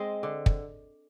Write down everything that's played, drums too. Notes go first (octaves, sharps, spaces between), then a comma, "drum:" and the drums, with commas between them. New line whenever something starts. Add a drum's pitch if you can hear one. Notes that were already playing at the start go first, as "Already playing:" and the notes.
Already playing: G#3 C4 D#5
D3
drum: kick